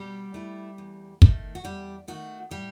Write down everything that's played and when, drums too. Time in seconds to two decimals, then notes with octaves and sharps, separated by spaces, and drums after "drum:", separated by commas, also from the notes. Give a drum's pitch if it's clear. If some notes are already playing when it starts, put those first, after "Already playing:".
Already playing: B2 G3 G4
0.34 A3 E4
0.78 E2
1.22 D#3 A3, drum: kick
1.55 F#4
1.64 E2 G3 G4
2.08 D#3 A3 F#4
2.51 A2 G3 G4